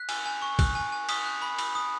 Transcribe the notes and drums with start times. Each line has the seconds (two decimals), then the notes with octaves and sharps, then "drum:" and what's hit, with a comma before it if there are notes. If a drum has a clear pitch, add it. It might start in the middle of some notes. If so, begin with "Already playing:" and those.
Already playing: F#6 B6
0.09 G#5, drum: cymbal
0.26 G#5
0.42 C#6
0.59 F#6, drum: kick, cymbal
0.75 G#5
0.92 G#5
1.09 D#6 B6, drum: cymbal
1.26 F#6
1.42 B5
1.58 B5, drum: cymbal
1.75 D#6